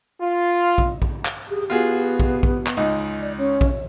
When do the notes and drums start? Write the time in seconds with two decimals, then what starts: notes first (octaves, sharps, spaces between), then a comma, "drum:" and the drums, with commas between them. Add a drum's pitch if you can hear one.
0.22 F4
0.78 drum: kick A#1
1.02 drum: kick A#1
1.25 drum: clap
1.49 G4 G#4
1.70 B3 F4 F#4 G#4
2.20 drum: kick A#1
2.43 drum: kick A#1
2.67 drum: clap
2.77 C#2 D#4
3.21 D5
3.38 C#4 C#5
3.61 drum: kick A#1